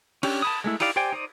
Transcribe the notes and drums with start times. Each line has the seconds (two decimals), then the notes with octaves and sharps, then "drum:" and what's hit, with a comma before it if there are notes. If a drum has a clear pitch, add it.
0.23 C#4 D4 G4, drum: cymbal
0.42 A5 B5 D#6
0.64 G#3 A3 E4
0.80 D#4 E4 G4 D5 F5, drum: open hi-hat
0.96 G4 C5 D5 G5 G#5
1.12 D#4 C5 D5 D#5